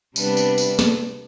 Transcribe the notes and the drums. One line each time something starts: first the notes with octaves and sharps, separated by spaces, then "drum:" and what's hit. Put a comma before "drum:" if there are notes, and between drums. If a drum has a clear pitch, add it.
C3 G3 B3 D4, drum: tambourine
drum: tambourine
drum: tambourine
drum: snare